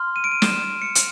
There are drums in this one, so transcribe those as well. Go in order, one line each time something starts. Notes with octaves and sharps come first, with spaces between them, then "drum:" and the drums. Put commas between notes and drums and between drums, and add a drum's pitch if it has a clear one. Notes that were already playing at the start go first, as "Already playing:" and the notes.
Already playing: C6 F6
D#7
D7
D#7
E7, drum: snare
E7
D#7
C#7
drum: hi-hat